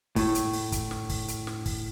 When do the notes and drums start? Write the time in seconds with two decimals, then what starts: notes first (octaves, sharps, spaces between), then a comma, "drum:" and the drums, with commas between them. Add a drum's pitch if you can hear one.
0.16 A2, drum: kick, open hi-hat
0.35 drum: hi-hat
0.53 drum: open hi-hat
0.72 drum: kick, hi-hat
0.91 drum: snare
1.10 drum: kick, open hi-hat
1.28 drum: hi-hat
1.47 drum: snare
1.66 drum: kick, open hi-hat